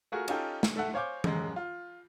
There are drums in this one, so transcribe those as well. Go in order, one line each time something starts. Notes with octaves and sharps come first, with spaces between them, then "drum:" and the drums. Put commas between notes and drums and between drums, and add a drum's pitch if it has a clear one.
A3 F4 F#4 G#4 A#4
C#4 D#4 F4 G4 A4 G5, drum: cymbal
drum: snare
A3 A4 E5 F#5
C5 C#5 F5 G#5 D6 G6
D#1 F#2 G#3, drum: tom E3
F4